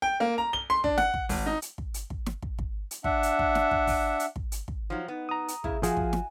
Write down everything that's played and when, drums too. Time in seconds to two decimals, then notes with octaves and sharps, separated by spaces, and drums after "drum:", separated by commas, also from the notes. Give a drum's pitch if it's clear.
0.02 G5
0.20 A#3
0.38 A#5
0.53 G7
0.70 C6
0.84 D4, drum: kick
0.98 F#5, drum: snare
1.14 drum: kick
1.29 G#1, drum: kick, open hi-hat
1.46 D#4
1.62 drum: hi-hat
1.78 drum: kick
1.94 drum: hi-hat
2.10 drum: kick
2.26 drum: snare
2.42 drum: kick
2.59 drum: kick
2.91 drum: hi-hat
3.04 D4 E5 F#5, drum: kick
3.23 drum: hi-hat
3.39 drum: kick
3.55 drum: snare
3.71 drum: kick
3.87 drum: kick, open hi-hat
4.20 drum: hi-hat
4.36 drum: kick
4.52 drum: hi-hat
4.68 drum: kick
4.90 F3 F#3 D#4
5.08 B3 D#4
5.29 A#5 D#6
5.48 drum: hi-hat
5.64 C#3 E4 G#4, drum: kick
5.83 F3 F#4 G#4 F5 G#5, drum: hi-hat
5.97 drum: kick
6.13 drum: snare